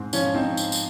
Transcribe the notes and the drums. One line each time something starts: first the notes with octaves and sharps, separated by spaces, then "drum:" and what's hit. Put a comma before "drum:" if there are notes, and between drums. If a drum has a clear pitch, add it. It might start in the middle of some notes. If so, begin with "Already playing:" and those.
Already playing: G#2 C4
F3 C#4, drum: tambourine
C4 D#4
drum: tambourine
drum: tambourine